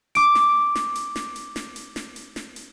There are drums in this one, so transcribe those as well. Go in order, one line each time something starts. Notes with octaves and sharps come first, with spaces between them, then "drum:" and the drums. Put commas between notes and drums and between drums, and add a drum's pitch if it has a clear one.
D6 D7, drum: hi-hat
drum: snare
drum: snare
drum: hi-hat
drum: snare
drum: hi-hat
drum: snare
drum: hi-hat
drum: snare
drum: hi-hat
drum: snare
drum: hi-hat